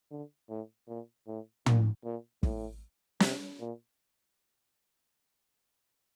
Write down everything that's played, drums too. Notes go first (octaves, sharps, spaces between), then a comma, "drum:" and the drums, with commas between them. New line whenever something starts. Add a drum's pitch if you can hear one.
D3
A2
A#2
A2
A#2, drum: tom
A#2
A2, drum: kick
C3, drum: snare
A#2